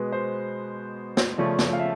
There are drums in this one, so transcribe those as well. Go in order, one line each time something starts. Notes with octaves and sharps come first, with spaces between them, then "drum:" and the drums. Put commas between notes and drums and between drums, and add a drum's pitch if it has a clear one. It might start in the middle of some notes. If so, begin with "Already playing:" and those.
Already playing: B2 G#3 B3 B4
C5
drum: snare
C#3 F3 A3 C#4 D5
drum: snare
F5
E5